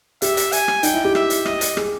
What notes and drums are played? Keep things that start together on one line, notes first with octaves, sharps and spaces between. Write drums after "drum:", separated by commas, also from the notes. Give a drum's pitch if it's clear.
G4 E5, drum: hi-hat
drum: hi-hat
G#5, drum: hi-hat
drum: rim click
D#4 G5, drum: hi-hat
E4
G4
E5, drum: rim click
drum: hi-hat
D#5, drum: rim click
drum: hi-hat
G#4, drum: rim click